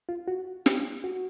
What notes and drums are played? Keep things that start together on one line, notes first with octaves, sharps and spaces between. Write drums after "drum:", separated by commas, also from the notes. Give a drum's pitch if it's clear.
F4
F#4
G4, drum: snare
F#4